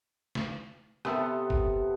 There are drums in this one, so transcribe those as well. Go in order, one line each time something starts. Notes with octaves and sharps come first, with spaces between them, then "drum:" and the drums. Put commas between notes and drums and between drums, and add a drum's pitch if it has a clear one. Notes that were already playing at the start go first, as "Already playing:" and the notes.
drum: snare
C3 B3 A4, drum: rim click
drum: kick